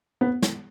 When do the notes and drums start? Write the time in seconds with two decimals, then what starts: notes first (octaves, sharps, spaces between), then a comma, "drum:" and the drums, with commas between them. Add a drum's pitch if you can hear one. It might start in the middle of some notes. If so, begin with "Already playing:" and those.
0.21 B3
0.42 drum: snare